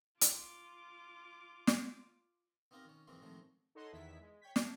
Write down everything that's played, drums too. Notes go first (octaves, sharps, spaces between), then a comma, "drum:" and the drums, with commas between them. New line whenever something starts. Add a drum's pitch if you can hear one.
F4 D6, drum: hi-hat
drum: snare
B3 C4 D#4 F4 G4 A#4
D#3 C#4
G#2 E3 F#3 G#3 A#3 C4
A2 C3 D#3 F3 F#3 G#3
D#4 A4 C#5 D#5 F#5 C6
E2 D#3 B3 E4 E5 B6
G#3
C#5 G5 C#6 G6 G#6 B6
E5 A5, drum: snare